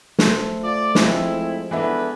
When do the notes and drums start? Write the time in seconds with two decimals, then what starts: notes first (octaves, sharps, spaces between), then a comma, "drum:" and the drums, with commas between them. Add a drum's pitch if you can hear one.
0.19 A3 C5, drum: snare
0.63 F4 D5
0.95 F3 G#3 A3 C4 E4, drum: snare
1.71 E3 B3 D4 E4 A4 B4